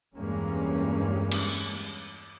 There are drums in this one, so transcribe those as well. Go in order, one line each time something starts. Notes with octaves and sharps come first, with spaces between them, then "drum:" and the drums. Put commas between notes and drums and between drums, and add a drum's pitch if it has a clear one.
E2 G2 G3 G#3 A#3 C#4
drum: cymbal